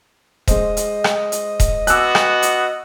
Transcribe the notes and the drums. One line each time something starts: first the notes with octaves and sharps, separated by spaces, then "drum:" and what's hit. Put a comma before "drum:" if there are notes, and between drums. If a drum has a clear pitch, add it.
G#3 C5 D#5, drum: kick D#1, hi-hat
drum: hi-hat
drum: rim click
drum: hi-hat
drum: kick D#1, hi-hat
B3 F#4 G#5 D6 E6 F#6, drum: hi-hat
drum: rim click
drum: hi-hat